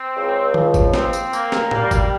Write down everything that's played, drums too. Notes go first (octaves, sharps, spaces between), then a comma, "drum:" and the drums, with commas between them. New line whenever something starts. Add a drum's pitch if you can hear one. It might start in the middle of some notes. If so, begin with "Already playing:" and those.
Already playing: C4
C#2
F3, drum: tom D#3
drum: kick, tambourine
C4, drum: snare
drum: tambourine
A#3, drum: tambourine
drum: snare
G3, drum: tom A2
drum: kick, tambourine